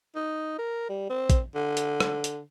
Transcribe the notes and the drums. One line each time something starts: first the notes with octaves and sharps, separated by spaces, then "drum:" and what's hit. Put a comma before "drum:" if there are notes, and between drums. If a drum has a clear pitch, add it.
D#4
A#4
G3
C4
drum: kick, hi-hat
D3
drum: hi-hat
drum: rim click
drum: hi-hat